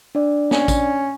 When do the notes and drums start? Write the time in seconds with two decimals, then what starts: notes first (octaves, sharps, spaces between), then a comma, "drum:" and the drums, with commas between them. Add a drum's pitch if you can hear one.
0.15 D4 D5
0.51 C#4, drum: snare
0.68 drum: kick A1, tambourine